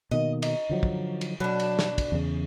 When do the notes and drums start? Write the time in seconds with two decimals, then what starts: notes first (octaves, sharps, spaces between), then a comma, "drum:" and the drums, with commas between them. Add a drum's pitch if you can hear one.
0.11 B2 D#3 A#3 D#5
0.42 D#4, drum: cymbal
0.69 D3 F3 F#3
0.83 drum: kick
1.21 drum: cymbal
1.40 B2 F#3 D4
1.60 drum: cymbal
1.79 drum: snare
1.98 drum: kick, cymbal
2.12 E2 C#3